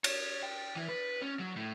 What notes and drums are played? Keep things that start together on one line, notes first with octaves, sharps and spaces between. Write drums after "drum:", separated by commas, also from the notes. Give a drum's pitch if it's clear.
C#5, drum: cymbal
G5
E3
B4
C#4
F#3
A2